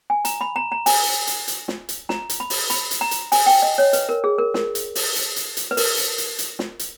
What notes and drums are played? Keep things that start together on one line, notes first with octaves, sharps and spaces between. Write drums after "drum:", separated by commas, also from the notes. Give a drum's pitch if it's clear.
G#5
A#5, drum: hi-hat
B5
A#5
A#5
G#5, drum: open hi-hat
drum: hi-hat
drum: hi-hat
drum: snare
drum: hi-hat
A#5, drum: snare
drum: hi-hat
B5
drum: open hi-hat
B5, drum: hi-hat
drum: hi-hat
A#5
drum: hi-hat
G#5, drum: open hi-hat
G5
D#5
C#5
B4, drum: hi-hat
A#4
G#4
A#4
A#4, drum: snare
drum: hi-hat
drum: open hi-hat
drum: hi-hat
drum: hi-hat
drum: hi-hat
B4
A#4, drum: open hi-hat
drum: hi-hat
drum: hi-hat
drum: hi-hat
drum: snare
drum: hi-hat